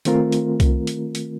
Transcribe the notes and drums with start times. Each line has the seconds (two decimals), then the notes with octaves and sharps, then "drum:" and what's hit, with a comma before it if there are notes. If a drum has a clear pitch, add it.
0.05 D#3 A3 C4 F4 A#4, drum: hi-hat
0.32 drum: hi-hat
0.60 drum: kick C2, hi-hat
0.87 drum: hi-hat
1.15 drum: hi-hat